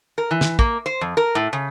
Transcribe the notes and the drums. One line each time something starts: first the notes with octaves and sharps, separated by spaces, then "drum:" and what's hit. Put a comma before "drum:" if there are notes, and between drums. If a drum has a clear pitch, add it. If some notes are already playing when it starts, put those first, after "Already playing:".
A#4
E3
drum: snare
A#3, drum: kick
C5
F2
A#4
A2
C#3